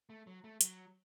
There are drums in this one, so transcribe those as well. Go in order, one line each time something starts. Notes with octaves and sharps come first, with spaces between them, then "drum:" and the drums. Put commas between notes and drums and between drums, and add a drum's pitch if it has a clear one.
A3
F#3
A3
F#3, drum: hi-hat